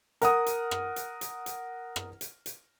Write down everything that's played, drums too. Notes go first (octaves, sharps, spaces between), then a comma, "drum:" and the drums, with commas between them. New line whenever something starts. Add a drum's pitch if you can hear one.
A#4 F#5 D#6, drum: hi-hat
drum: hi-hat
drum: rim click
drum: hi-hat
drum: hi-hat
drum: hi-hat
drum: rim click
drum: hi-hat
drum: hi-hat